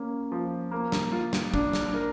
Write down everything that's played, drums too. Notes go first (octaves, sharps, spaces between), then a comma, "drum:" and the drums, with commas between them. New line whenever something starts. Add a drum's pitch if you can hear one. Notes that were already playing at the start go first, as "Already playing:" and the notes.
Already playing: A#3 C#4
F3
A#3
drum: snare
F4
drum: snare
D4, drum: kick
drum: snare
A#4